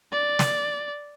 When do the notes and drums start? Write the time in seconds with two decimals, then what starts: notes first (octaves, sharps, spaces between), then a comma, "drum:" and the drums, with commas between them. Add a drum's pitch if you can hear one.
0.12 D5
0.39 drum: snare